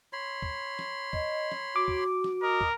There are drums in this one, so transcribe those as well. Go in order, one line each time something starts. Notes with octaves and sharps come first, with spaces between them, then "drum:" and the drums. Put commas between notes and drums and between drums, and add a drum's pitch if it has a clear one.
C#5 B5 C6
drum: kick
drum: snare
D#5, drum: kick
drum: snare
F#4 D6
drum: kick
drum: snare
A#4 D#5
drum: kick